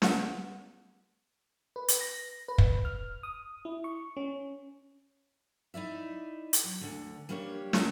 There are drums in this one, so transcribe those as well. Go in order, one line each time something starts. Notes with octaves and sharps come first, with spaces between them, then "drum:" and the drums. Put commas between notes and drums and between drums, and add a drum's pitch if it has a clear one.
B3 F#5, drum: snare
B4
drum: hi-hat
A#6
B4
drum: kick
F6
D#6
E4
C#6
C#4
D#4 E4 D5 E5
drum: hi-hat
F#3
D2 G2 D3
G3 A#3 D4 G4 C5 C#5
A#3 C4 E4 A#4, drum: snare